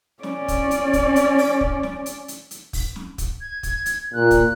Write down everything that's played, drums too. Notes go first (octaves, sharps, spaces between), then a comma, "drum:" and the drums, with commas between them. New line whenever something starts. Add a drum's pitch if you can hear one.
C#4 D5, drum: snare
drum: kick, hi-hat
drum: hi-hat
drum: kick, hi-hat
drum: hi-hat
drum: open hi-hat
drum: kick
drum: snare
drum: hi-hat
drum: hi-hat
drum: hi-hat
drum: kick, open hi-hat
drum: snare
drum: kick, hi-hat
G#6
drum: kick, hi-hat
drum: hi-hat
A#2 F#6
drum: kick, hi-hat